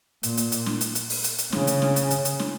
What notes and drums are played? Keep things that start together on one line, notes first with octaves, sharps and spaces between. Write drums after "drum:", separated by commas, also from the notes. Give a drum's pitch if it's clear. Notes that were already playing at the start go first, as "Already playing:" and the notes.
A#2, drum: hi-hat
drum: hi-hat
drum: hi-hat
drum: snare
drum: hi-hat
drum: hi-hat
drum: open hi-hat
drum: hi-hat
drum: hi-hat
C#3, drum: snare
drum: hi-hat
drum: snare
drum: hi-hat
drum: hi-hat
drum: hi-hat
drum: snare